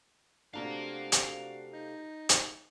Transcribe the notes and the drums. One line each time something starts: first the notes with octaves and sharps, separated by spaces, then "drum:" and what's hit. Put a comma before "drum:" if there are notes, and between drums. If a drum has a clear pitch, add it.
C3 A3 D4 F4 F#4 F5 A#5
drum: hi-hat
D#4 G6
drum: hi-hat